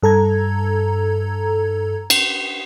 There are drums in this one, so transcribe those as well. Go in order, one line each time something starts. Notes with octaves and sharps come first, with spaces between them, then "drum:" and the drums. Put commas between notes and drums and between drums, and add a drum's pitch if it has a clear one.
G2 A4 A#5 G#6
drum: cymbal